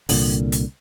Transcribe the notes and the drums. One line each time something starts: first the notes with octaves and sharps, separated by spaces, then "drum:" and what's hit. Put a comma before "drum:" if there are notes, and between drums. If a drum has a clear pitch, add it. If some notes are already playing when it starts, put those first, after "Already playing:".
C2 A#2 D3, drum: open hi-hat
drum: hi-hat